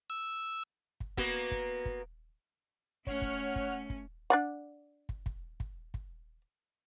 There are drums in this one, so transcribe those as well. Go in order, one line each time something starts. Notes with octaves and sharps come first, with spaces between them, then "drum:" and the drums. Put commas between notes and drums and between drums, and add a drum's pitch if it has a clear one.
E6
drum: kick
A#3 B3 F#4, drum: kick
drum: kick
drum: kick
A3 C#4 C#5 F#5 F6, drum: kick
drum: kick
drum: kick
drum: kick
D4 D5 F#5
drum: kick
drum: kick
drum: kick
drum: kick